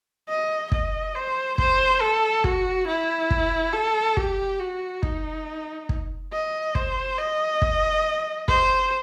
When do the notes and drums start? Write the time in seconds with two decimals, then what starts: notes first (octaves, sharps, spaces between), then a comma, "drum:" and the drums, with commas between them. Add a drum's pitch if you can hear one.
0.29 D#5
0.72 D#5, drum: kick
1.15 C5
1.58 C5, drum: kick
2.01 A4
2.44 F#4, drum: kick
2.87 E4
3.31 drum: kick
3.73 A4
4.17 G4, drum: kick
4.60 F#4
5.03 D#4, drum: kick
5.89 drum: kick
6.33 D#5
6.75 C5, drum: kick
7.18 D#5
7.62 drum: kick
8.48 C5, drum: kick